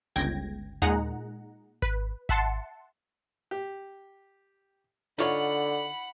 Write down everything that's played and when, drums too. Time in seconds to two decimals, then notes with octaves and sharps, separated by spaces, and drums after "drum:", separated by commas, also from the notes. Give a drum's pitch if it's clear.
0.16 G1 C#2 G5 G#6 A#6
0.82 A#2 G#3 D#4 G#4 F#5 A#5, drum: tom D#2
1.82 B4, drum: kick G#1
2.29 E5 F#5 A5 C6 C#7, drum: kick G#1
3.51 G4
5.18 D3 D#4 F4 C#5 F#5 B5, drum: snare